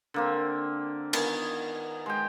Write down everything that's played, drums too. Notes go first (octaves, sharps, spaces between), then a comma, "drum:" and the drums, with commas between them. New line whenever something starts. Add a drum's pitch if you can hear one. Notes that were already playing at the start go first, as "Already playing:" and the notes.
D3 A#3 C4
D#3 B3 G#5, drum: cymbal
G#3 G5